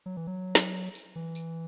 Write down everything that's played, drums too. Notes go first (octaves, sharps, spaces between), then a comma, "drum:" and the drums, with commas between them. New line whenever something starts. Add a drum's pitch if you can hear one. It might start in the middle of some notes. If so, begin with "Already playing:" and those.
F#3
E3
F#3
drum: snare
drum: tambourine
E3
drum: tambourine